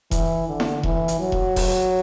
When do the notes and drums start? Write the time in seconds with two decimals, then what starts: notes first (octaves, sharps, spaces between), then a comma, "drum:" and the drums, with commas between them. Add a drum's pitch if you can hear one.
0.11 E3, drum: kick E1, hi-hat
0.48 D3
0.60 drum: snare E4
0.83 E3, drum: kick E1
1.08 drum: hi-hat
1.19 F#3
1.32 drum: kick E1
1.56 drum: kick E1, open hi-hat